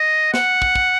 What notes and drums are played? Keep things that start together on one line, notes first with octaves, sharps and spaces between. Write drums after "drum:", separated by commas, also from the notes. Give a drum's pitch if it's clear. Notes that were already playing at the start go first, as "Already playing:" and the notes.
Already playing: D#5
F#5, drum: snare
drum: kick
drum: kick